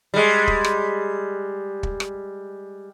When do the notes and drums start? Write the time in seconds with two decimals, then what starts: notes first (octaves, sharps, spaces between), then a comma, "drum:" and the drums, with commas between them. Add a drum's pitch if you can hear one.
0.14 G3 G#3
0.48 drum: kick
0.64 drum: rim click
1.83 drum: kick
2.00 drum: rim click